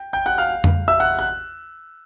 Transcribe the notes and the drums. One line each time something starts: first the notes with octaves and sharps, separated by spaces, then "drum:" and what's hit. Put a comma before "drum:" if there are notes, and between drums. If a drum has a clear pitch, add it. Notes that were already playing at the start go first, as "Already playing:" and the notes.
Already playing: G5
G5 G6
F#5 F#6
F5 F6
drum: tom F2
E5 E6
F#5 F#6
F#6